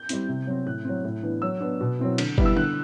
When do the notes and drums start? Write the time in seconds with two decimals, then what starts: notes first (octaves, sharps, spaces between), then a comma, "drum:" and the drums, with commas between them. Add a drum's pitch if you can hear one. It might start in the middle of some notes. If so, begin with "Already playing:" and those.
Already playing: G6
0.09 G3 C4 E4, drum: hi-hat
0.29 C3
0.47 F#3 C4
0.66 A2 F#6
0.85 F#3 C4
1.05 A2
1.23 E3 B3 D4
1.42 F#3 E6
1.61 B3 D4
1.81 B2
1.99 F#3 C4 E4
2.18 D3, drum: cymbal
2.38 G3 B3 E4, drum: kick G1
2.46 E6
2.56 D3 F#6